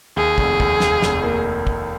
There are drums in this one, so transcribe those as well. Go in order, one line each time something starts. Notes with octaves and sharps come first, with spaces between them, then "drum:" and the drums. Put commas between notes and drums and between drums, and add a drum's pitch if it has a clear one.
D#2 G#4
F1, drum: kick
D#2, drum: kick
D#2, drum: snare
F1, drum: snare
A#3
drum: kick